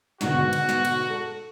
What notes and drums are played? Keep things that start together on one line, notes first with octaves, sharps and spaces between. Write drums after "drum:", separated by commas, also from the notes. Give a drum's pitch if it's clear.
G#2 B2 D3 F#4, drum: snare
drum: tom C#3
drum: cymbal
drum: snare
drum: cymbal
A4